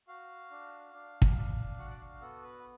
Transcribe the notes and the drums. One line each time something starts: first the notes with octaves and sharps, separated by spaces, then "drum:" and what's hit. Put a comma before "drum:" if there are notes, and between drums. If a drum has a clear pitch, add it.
F#4 F5
D4
D4
drum: kick
D4
F#4 F#5
D5
F5
B3 A4
B4